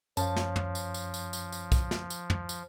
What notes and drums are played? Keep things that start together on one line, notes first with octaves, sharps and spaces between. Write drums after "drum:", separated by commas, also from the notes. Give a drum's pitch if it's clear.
F#2 F3 C#5 F5 A5, drum: tambourine
drum: snare
drum: tom
drum: tambourine
drum: tambourine
drum: tambourine
drum: tambourine
drum: tambourine
drum: kick, tambourine
drum: snare
drum: tambourine
drum: tom
drum: tambourine